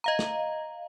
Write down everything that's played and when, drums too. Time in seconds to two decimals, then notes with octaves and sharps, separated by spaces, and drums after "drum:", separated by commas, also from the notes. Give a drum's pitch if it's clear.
0.04 D#5 F5 A#5
0.19 drum: snare